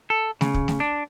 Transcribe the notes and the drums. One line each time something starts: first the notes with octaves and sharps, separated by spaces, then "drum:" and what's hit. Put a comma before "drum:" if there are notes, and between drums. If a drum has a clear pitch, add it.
A4
C#3, drum: snare A3
drum: kick
drum: snare A3
D4